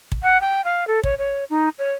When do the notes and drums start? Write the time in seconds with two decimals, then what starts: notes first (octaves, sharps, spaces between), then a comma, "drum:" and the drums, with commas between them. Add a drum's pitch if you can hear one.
0.12 drum: kick
0.23 F#5
0.41 G5
0.65 F5
0.87 A4
1.04 C#5, drum: kick
1.18 C#5
1.50 D#4
1.79 C#5